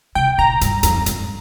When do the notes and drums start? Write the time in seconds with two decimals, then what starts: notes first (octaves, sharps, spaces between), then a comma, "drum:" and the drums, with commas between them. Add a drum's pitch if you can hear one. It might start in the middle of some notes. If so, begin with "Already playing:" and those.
0.15 C3 G5
0.38 A#2 A#5
0.61 G2, drum: hi-hat
0.83 F2, drum: hi-hat
1.06 G2, drum: hi-hat